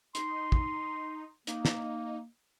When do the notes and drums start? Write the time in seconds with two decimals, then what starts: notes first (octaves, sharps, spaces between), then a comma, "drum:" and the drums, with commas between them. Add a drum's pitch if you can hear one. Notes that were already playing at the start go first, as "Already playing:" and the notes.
0.15 D#4 C6, drum: hi-hat
0.52 drum: kick
1.47 A#3 D#4, drum: hi-hat
1.65 drum: snare